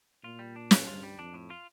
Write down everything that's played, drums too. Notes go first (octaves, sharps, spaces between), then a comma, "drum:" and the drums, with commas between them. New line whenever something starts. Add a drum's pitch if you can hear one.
A#2 F4
G3
D4
A2, drum: snare
G2 F4
G3
F2 D4
A2
F4